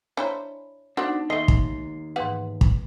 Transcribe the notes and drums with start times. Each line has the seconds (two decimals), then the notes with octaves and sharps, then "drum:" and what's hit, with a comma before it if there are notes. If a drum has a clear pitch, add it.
0.17 D4 E4 C5 C#5 G#5 A#5
0.97 B3 D4 D#4 F#4 C5 F#5
1.30 D#2 A3 D#5 C6
1.48 drum: kick
2.16 G#2 E3 B3 G4 B4 F#5
2.61 drum: kick